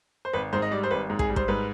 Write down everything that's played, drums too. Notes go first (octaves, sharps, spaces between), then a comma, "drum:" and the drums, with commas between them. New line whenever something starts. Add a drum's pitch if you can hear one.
C5
G#1 B4
G#2 C5
D#5
G3 D5
C5
G#1 B4
G#2
G#4, drum: kick
G3
C5, drum: kick
G#2 B4